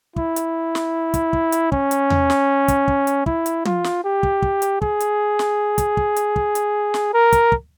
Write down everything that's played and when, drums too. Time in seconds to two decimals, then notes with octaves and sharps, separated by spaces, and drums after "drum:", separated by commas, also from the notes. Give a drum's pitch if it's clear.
0.16 E4, drum: kick
0.36 drum: hi-hat
0.75 drum: snare
1.14 drum: kick, hi-hat
1.33 drum: kick
1.52 drum: hi-hat
1.72 C#4, drum: kick
1.91 drum: hi-hat
2.10 drum: tom E2
2.30 drum: snare
2.68 drum: kick, hi-hat
2.88 drum: kick
3.07 drum: hi-hat
3.26 E4, drum: kick
3.46 drum: hi-hat
3.65 F4, drum: tom
3.84 drum: snare
4.04 G4
4.23 drum: kick
4.42 drum: kick
4.62 drum: hi-hat
4.82 G#4, drum: kick
5.00 drum: hi-hat
5.39 drum: snare
5.78 drum: kick, hi-hat
5.97 drum: kick
6.16 drum: hi-hat
6.36 drum: kick
6.55 drum: hi-hat
6.94 drum: snare
7.13 A#4
7.33 drum: kick, hi-hat
7.52 drum: kick